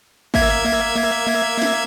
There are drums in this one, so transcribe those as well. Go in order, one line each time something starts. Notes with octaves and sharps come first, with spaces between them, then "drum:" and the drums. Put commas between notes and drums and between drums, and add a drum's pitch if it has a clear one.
A#3 E5 G#6, drum: kick
drum: snare